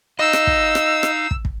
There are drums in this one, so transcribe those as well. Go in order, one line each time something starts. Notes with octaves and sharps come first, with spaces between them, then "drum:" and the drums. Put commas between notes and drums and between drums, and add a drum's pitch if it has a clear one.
D#4 D#5 F5 E6
drum: rim click
drum: kick
drum: rim click
drum: rim click
drum: kick
drum: kick